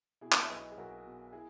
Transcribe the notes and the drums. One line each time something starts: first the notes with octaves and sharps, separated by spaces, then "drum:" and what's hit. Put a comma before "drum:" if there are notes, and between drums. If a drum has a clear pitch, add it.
B2 E4 G#4
drum: clap
E5
B1 B4 D#5
G#4
B1 F#4 A#4
B2
E4 G#4